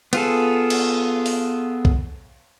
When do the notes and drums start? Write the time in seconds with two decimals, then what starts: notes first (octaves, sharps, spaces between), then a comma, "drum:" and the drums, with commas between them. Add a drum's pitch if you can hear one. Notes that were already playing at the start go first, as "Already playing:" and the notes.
0.13 B3 F4 G#4 A4, drum: cymbal
0.70 drum: cymbal
1.26 drum: open hi-hat
1.85 drum: kick B1